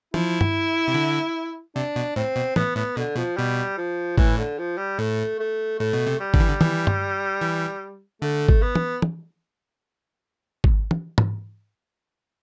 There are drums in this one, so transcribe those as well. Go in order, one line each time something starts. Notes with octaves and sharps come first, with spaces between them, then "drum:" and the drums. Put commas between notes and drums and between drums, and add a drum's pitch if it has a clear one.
F3 E4, drum: tom
drum: tom G2
C3
D3
C3 D4
B2
A2 C4
B2
A2 B3, drum: tom
A2 B3
B2 D3
B2 F3
B2 G3
F3
A2 E3, drum: kick G#1
D3
F3
G3
A2 A3
A3
A2 A3
B2
C3
G3
D3, drum: kick G#1
E3
D3
E3, drum: tom
drum: tom G2
E3
D3 A3
drum: kick G#1
B3
drum: tom
drum: tom
drum: kick G#1
drum: tom
drum: tom G#2